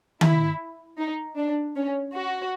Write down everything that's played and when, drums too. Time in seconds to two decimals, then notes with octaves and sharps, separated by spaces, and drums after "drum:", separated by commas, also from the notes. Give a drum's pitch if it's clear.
0.21 E4, drum: tom D#3
0.98 D#4
1.37 D4
1.76 C#4
2.14 F#4